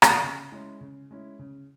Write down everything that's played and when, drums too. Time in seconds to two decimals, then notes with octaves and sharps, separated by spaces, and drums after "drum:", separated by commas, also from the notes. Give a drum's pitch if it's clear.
0.02 drum: rim click
0.23 C#3
0.52 G#3 C#4 E4
0.81 C#3
1.11 G#3 C#4 E4
1.39 C#3